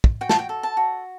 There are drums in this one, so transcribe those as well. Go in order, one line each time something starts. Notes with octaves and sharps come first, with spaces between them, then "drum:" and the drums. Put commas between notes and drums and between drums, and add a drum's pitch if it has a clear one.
drum: kick
F#4 G5
A5, drum: snare
G5
A4
A5
F#4